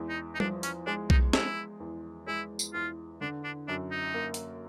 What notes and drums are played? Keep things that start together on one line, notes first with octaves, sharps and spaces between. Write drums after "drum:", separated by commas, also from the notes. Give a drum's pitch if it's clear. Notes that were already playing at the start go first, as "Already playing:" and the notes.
Already playing: E2 G#3
D#4
D#4
F3 D4, drum: tom G3
C#4, drum: hi-hat
G#3 D4
D#4, drum: kick B1
G#3 E4, drum: snare
E2
G#3 E4
drum: tambourine
E2 F4
D3 D4
D4
F#2 D4
D#4
A#3
drum: hi-hat